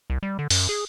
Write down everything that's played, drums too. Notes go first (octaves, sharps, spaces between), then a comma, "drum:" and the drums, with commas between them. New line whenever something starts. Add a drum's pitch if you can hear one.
C2
G3
D3
F#2, drum: open hi-hat
G#4